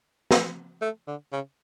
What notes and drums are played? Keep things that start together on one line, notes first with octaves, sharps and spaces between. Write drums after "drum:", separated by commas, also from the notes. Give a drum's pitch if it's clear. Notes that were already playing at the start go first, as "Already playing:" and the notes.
drum: snare
A3
D3
C#3